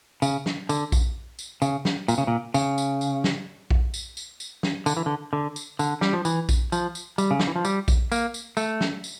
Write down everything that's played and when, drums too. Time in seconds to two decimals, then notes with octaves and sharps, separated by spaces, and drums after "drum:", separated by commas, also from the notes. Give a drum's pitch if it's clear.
0.22 C#3, drum: tambourine
0.46 drum: snare
0.69 D3, drum: tambourine
0.92 drum: kick A#1, tambourine
1.39 drum: tambourine
1.62 C#3, drum: tambourine
1.85 drum: snare
2.08 A#2, drum: tambourine
2.18 C#3
2.27 A#2
2.54 C#3, drum: tambourine
2.78 drum: tambourine
3.01 drum: tambourine
3.24 drum: snare
3.71 drum: kick A#1
3.94 drum: tambourine
4.17 drum: tambourine
4.40 drum: tambourine
4.63 drum: snare
4.86 D3, drum: tambourine
4.97 E3
5.06 D3
5.33 D3
5.56 drum: tambourine
5.79 D3, drum: tambourine
6.01 G3, drum: snare
6.13 F3
6.25 E3, drum: tambourine
6.49 drum: kick A#1, tambourine
6.72 F3, drum: tambourine
6.95 drum: tambourine
7.18 G3, drum: tambourine
7.31 C#3
7.40 D3, drum: snare
7.47 E3
7.56 F3
7.65 G3, drum: tambourine
7.88 drum: kick A#1, tambourine
8.12 A#3, drum: tambourine
8.34 drum: tambourine
8.57 A3, drum: tambourine
8.81 drum: snare
9.04 drum: tambourine